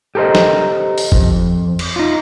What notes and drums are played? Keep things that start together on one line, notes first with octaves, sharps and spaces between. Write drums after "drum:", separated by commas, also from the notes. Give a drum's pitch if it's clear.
G4 A4 A#4 C5 D#5
drum: snare
drum: open hi-hat
F2, drum: kick
drum: cymbal
D#4 F4